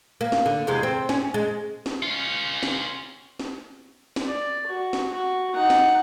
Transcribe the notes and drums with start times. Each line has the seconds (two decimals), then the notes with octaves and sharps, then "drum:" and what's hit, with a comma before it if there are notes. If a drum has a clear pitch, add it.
0.21 A#3
0.32 drum: snare
0.46 D3
0.67 E2 C3 G#3
0.83 C4
1.09 C#4, drum: snare
1.34 G#3
1.86 drum: snare
2.02 C#4 F4
2.63 drum: snare
3.39 drum: snare
4.16 drum: snare
4.26 D5
4.67 F#4
4.93 drum: snare
5.12 F#4
5.55 D#4 F#5
5.70 drum: snare